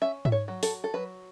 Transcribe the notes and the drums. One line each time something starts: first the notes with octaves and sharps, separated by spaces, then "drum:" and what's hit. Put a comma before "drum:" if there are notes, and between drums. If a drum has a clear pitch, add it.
C#4 E5
E5, drum: tom G#2
C#5
F#3
A4, drum: open hi-hat
A4
F#3 B4